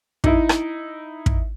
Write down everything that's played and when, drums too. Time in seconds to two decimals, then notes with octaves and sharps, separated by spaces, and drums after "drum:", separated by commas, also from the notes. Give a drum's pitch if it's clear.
0.24 D#4 E4, drum: kick
0.49 drum: rim click
1.26 drum: kick